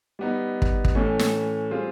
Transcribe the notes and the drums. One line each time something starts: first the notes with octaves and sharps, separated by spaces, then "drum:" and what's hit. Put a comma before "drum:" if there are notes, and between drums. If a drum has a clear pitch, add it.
G3 B3 D#4
drum: kick
drum: kick
A2 E3 A3 C#4
drum: snare
G3 C4 F4 G#4